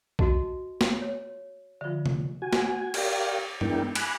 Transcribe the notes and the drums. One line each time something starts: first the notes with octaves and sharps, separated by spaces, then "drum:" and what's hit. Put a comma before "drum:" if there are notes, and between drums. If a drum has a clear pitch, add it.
F#4 D#5 A5, drum: kick B1
drum: snare
C#5
D3 F3 F4 E5
drum: tom C3
F#4 G#5
drum: snare
G4 A#4 D5 F5 G5, drum: cymbal
G#3 B3 D4 E4 A#4 G5, drum: tom G2
G#5 B5 D6 F#6, drum: cymbal